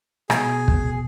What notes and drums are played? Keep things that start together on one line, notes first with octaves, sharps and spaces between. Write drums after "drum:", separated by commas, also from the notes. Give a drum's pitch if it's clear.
B2 G#4, drum: rim click
drum: kick